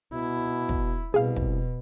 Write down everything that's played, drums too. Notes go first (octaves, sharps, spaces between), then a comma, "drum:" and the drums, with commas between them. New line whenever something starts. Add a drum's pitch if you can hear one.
B2 E4
drum: kick
C2 B2 G#4 F5
drum: kick